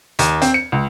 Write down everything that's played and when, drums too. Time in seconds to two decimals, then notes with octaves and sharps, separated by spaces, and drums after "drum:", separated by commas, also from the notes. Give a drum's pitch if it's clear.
0.19 D#2, drum: hi-hat
0.42 C4, drum: hi-hat
0.54 C#7
0.72 C#2